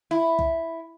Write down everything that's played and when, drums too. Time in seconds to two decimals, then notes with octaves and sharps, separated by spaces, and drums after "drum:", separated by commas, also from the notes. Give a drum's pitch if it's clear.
0.11 E4
0.39 drum: kick C2